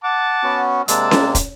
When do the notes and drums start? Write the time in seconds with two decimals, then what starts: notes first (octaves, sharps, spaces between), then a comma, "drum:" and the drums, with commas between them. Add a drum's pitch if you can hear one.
0.04 F#5 A5 D6
0.43 B3 C#4 F#4
0.88 C3 G#3 A#3 D4 A5 E6, drum: hi-hat
1.11 drum: snare C#4
1.35 drum: kick, hi-hat